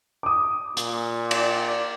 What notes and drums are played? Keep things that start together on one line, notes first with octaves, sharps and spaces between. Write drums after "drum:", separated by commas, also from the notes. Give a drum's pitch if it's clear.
D6 D#6
A#2, drum: hi-hat
D5, drum: cymbal